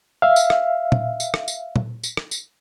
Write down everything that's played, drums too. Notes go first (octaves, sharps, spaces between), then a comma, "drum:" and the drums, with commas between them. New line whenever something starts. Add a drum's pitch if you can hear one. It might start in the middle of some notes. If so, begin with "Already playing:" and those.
E5 F5
drum: tambourine
drum: rim click
drum: tom
drum: tambourine
drum: rim click
drum: tambourine
drum: tom
drum: tambourine
drum: rim click
drum: tambourine